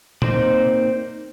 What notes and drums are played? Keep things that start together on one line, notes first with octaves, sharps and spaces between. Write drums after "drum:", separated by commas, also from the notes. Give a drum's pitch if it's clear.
A#3 C4 D#4 C5 D5, drum: tom